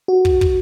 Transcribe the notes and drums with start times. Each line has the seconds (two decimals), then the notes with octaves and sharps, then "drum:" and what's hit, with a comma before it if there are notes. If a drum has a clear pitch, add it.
0.08 F#4
0.25 drum: kick
0.41 drum: kick